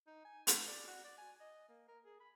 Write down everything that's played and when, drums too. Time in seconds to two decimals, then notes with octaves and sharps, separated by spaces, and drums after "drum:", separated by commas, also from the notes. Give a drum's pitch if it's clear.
0.07 D#4
0.25 G#5
0.47 C6, drum: hi-hat
0.68 D5
0.87 F#4
1.04 D5
1.18 G#5
1.40 D#5
1.69 A#3
1.88 A#4
2.05 G#4
2.20 B5